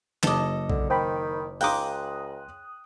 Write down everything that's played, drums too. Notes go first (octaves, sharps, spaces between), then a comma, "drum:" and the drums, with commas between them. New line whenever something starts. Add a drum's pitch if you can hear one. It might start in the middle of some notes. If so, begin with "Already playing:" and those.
F#1 A4 D#5 D6, drum: clap
D3, drum: kick
D#3 C5 G5 B5
C#2 F5 G5 A#5 C6 D6 D#6 F#6, drum: open hi-hat